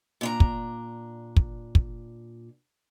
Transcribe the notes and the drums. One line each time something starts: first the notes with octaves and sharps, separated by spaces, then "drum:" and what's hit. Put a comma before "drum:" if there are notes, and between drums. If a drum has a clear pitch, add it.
A#2 D4 A#5
drum: kick
drum: kick
drum: kick